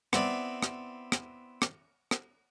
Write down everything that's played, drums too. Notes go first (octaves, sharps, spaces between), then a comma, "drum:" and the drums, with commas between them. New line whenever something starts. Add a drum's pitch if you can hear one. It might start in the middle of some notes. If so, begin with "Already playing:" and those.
B3 C4 E4 D5, drum: rim click
drum: rim click
drum: rim click
drum: rim click
drum: rim click